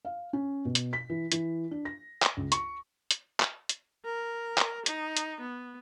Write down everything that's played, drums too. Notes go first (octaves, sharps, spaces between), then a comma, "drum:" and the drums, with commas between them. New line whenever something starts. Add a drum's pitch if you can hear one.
F5
C#4
B2
drum: hi-hat
B6
E3
E3, drum: hi-hat
D4
A#6
drum: clap
C#2
C#6, drum: hi-hat
drum: hi-hat
drum: clap
drum: hi-hat
A#4
drum: clap
D#4, drum: hi-hat
drum: hi-hat
B3